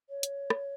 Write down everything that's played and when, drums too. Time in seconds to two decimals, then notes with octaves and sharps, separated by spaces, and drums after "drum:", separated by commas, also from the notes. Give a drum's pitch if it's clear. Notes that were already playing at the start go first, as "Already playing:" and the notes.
0.09 C#5
0.23 drum: hi-hat
0.50 drum: rim click